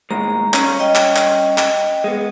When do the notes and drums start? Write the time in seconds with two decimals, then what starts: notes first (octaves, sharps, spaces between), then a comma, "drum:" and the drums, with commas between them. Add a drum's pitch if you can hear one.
0.11 D#2 A2 G#3 A#5
0.54 G2 C#4, drum: clap
0.79 D#5 G5
0.95 drum: clap
1.16 drum: clap
1.58 drum: clap
2.04 G#3 B3